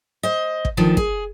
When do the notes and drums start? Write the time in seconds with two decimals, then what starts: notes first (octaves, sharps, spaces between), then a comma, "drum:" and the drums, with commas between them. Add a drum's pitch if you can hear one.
0.23 C5 D#5
0.65 drum: kick
0.77 D2 D#3 F3 A5
0.97 G#4, drum: kick